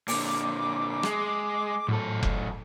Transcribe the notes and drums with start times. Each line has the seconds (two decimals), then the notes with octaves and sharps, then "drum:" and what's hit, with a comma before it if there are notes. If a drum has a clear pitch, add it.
0.08 A#2 D3 D6, drum: open hi-hat
1.03 G#3, drum: rim click
1.88 F#2 A2 A4
2.23 drum: kick F1